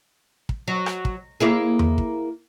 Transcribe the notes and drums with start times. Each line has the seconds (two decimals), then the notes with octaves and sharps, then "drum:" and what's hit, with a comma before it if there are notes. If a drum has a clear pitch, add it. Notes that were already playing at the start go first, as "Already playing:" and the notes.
0.49 drum: kick
0.68 F#3
0.86 drum: rim click
1.05 drum: kick
1.40 A#3 E4 G#4
1.79 drum: tom E2
1.98 drum: kick